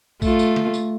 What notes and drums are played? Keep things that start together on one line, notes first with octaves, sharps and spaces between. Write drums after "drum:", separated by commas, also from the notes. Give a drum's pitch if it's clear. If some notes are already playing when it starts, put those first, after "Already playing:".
A3 F4, drum: kick, tambourine
drum: tambourine
drum: snare
drum: tambourine